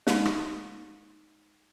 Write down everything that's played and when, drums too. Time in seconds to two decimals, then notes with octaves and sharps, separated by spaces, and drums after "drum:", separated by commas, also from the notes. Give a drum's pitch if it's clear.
0.07 G#3 D#4, drum: snare
0.25 drum: rim click